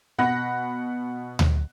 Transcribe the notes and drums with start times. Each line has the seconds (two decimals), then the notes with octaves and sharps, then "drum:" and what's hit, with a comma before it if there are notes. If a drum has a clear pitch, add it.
0.18 B2 F#5 B5 F#6 A#6
1.39 drum: tom D2